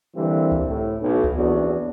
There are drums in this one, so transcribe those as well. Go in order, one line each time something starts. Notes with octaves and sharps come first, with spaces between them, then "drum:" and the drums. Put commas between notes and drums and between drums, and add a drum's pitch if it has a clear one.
D3 E3 G3 A#3 C4
drum: kick C#2
A2
B1
drum: kick C#2
A#1 E2 B3 C#4 D4 F#4